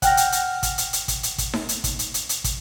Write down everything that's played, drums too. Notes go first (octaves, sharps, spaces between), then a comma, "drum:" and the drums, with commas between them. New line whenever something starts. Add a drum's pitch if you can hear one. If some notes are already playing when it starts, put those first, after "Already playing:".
F#5 G5 F6 A#6, drum: kick, hi-hat
drum: hi-hat
drum: hi-hat
drum: kick, hi-hat
drum: hi-hat
drum: hi-hat
drum: kick, hi-hat
drum: hi-hat
drum: kick, hi-hat
drum: snare D#4
drum: hi-hat
drum: kick, hi-hat
drum: hi-hat
drum: hi-hat
drum: hi-hat
drum: kick, hi-hat